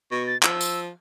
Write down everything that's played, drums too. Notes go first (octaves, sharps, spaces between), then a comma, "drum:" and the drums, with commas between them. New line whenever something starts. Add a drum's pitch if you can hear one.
B2 C#6
A6
F3 E6, drum: clap
drum: tambourine